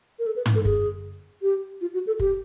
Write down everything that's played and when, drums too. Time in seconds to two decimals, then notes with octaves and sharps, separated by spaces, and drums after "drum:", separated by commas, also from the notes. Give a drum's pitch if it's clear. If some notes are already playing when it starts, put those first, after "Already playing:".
0.19 A#4
0.26 A4
0.36 B4
0.46 drum: tom
0.55 A4
0.65 G#4, drum: kick
1.42 G4
1.81 F4
1.94 F#4
2.07 A4
2.19 G4, drum: kick